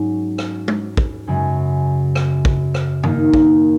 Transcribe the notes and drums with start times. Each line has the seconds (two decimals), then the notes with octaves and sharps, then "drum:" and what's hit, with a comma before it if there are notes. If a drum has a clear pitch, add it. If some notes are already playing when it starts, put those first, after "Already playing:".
Already playing: G#2 F#3 C#4
0.38 drum: rim click
0.68 drum: tom
0.97 drum: kick
1.27 F#2 C#3 G#3 C#4
2.15 drum: rim click
2.45 drum: kick
2.74 drum: rim click
3.03 D#3 A#3 D#4, drum: tom
3.33 drum: kick